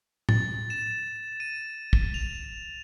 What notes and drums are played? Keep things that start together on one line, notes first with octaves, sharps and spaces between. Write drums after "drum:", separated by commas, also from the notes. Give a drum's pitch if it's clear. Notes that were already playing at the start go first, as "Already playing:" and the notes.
A6, drum: tom
E7
D#7
drum: kick
F7